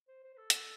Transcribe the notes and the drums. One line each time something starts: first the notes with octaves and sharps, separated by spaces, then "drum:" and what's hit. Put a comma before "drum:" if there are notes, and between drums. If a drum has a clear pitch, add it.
C5
C5
C5
A4
drum: hi-hat